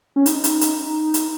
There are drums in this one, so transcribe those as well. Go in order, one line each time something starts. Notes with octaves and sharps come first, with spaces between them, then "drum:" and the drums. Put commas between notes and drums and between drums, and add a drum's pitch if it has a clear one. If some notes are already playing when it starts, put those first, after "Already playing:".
C#4
D#4, drum: hi-hat
drum: hi-hat
drum: hi-hat
drum: hi-hat